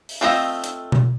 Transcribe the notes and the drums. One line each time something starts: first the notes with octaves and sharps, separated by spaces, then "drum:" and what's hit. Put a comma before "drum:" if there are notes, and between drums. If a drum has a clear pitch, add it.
drum: open hi-hat
A3 C4 F4 C5 D#5
drum: hi-hat
drum: tom B2